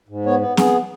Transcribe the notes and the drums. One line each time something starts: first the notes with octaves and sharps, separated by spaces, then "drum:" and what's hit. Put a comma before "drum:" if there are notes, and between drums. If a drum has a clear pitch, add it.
G#2
B3 C#5
B3
B3 G#4, drum: snare